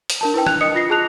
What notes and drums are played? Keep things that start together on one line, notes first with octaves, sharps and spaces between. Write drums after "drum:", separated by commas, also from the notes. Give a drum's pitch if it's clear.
drum: hi-hat
D4 A#4 A5
E4 B4 G5
F#6 F7, drum: rim click
D#5 D#6 C#7
F4 A#6 C7
F4 G#4 A5 F#6 F7